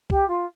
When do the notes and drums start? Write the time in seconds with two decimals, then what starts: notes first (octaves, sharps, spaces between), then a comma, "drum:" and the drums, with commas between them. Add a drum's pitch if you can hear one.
0.10 G4, drum: kick C2
0.28 F4